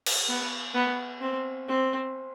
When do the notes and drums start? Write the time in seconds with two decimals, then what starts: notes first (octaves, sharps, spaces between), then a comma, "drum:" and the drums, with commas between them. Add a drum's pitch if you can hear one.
0.06 drum: cymbal
0.29 B3
0.74 B3
1.21 C4
1.68 C4